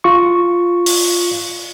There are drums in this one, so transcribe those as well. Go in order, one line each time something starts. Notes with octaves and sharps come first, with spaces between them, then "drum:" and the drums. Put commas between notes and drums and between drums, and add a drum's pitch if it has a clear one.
F4 C#6
drum: open hi-hat